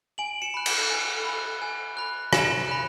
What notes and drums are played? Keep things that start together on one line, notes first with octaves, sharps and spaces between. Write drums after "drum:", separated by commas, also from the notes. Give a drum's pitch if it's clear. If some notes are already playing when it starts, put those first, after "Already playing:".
G#5 D7 F#7
C#7 E7
B5 F#6
C#7 E7, drum: cymbal
G#5
B5 F#6
G#5
B5 F#6
G#5 C#7 E7, drum: rim click
B5 F#6